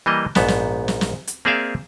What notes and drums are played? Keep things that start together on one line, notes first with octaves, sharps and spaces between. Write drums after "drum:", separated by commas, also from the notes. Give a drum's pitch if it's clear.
E3 G3 A#3 D#5
A#1 G#2 B3 A5, drum: snare
drum: snare
drum: snare
drum: snare
drum: hi-hat
A#3 C4 G#4 D5 E5 F5